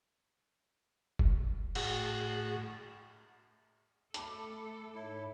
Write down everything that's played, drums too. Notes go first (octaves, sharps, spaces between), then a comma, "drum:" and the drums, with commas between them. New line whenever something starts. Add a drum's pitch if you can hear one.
drum: kick F1
A2 F#4 G#4, drum: cymbal
A3 A4 A5 B5 D6, drum: hi-hat
G#2 E4 C#5